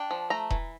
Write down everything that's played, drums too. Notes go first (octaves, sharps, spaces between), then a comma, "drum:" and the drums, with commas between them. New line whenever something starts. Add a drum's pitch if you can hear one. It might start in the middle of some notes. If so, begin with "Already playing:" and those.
Already playing: D4 G5
F3
A3 A#5
E3, drum: kick E1